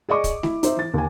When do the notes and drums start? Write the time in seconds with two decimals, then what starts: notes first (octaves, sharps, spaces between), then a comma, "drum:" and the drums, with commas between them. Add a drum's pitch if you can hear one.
0.09 G#4 D5 D#5 C#6 D6
0.24 drum: kick, hi-hat
0.43 E4, drum: snare A3
0.63 D#4 C5 E5, drum: hi-hat
0.77 E3 A6
0.94 D#2 G#5